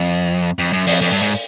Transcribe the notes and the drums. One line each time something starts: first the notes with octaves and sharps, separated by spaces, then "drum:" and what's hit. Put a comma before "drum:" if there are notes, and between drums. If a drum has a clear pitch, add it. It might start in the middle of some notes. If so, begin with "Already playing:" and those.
Already playing: F2
F2
F#2
F2, drum: open hi-hat
F2
G2
G#2